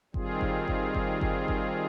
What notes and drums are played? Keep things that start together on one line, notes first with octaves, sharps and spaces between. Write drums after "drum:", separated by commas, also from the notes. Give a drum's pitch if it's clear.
D#3 G3 C4 F4 G#4, drum: kick G1
drum: kick G1
drum: kick G1
drum: kick G1
drum: kick G1
drum: kick G1